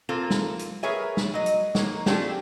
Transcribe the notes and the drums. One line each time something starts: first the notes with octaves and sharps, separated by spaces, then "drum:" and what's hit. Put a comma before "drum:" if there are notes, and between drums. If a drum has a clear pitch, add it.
A#3 C4 F4 A4
drum: snare
drum: hi-hat
G#4 A#4 B4 C#5 E5 G#5
drum: snare
F#3 D#5
drum: hi-hat
A#3 C#5, drum: snare
A3 C4 D4 F4 G4 G#4, drum: snare